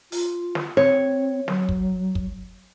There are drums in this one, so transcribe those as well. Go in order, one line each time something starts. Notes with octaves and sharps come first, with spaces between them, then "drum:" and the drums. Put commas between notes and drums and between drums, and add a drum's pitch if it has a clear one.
F4, drum: open hi-hat
drum: snare
C4 C#5, drum: snare
F#3, drum: snare
drum: kick
drum: kick